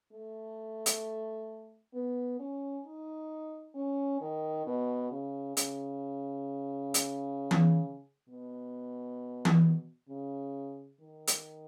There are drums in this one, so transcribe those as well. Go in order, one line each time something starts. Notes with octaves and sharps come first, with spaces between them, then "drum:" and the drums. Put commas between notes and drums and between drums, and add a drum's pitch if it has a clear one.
A3
drum: hi-hat
B3
C#4
D#4
C#4
D#3
B2
C#3
C#3, drum: hi-hat
drum: hi-hat
drum: tom E3
B2
drum: tom E3
C#3
D#3
drum: hi-hat